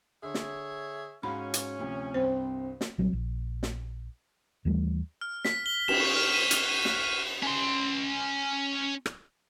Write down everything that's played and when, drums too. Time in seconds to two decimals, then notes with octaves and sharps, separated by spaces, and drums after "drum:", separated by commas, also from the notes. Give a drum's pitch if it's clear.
0.23 D3 G#4 C#5 E5
0.34 drum: snare
1.23 G#2 C#4 F#4 F5 B5
1.54 drum: hi-hat
1.79 D2 C3 F3
2.14 C2 G2 C4 C5
2.81 drum: snare
2.98 A#1 F#3 G3 C4
3.13 A#1
3.63 drum: snare
4.65 D#2 E3 G3 A3
5.21 F6
5.45 B6, drum: snare
5.66 G7
5.88 E7, drum: cymbal
6.00 C#6
6.16 F6
6.34 D#7
6.51 F6, drum: hi-hat
6.69 D#7
6.85 F#6, drum: snare
7.04 D#7
7.43 C#4 C6
9.06 drum: rim click